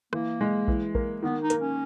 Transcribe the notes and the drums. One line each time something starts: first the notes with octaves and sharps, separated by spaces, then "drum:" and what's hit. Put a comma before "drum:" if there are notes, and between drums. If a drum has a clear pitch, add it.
E3 A#3, drum: rim click
G#3
E3, drum: kick A#1
A#3, drum: kick A#1
D#3 B3
D#4
A#3, drum: hi-hat
C#4